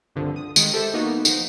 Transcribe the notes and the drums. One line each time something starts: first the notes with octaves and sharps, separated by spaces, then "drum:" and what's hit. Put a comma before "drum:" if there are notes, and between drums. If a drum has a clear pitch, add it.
C2 G2 D3 F3
D#6
D#3 G#3, drum: tambourine
G4 A4 C5 E5
A#3 B3 D#4 F#4
F3 D#4, drum: tambourine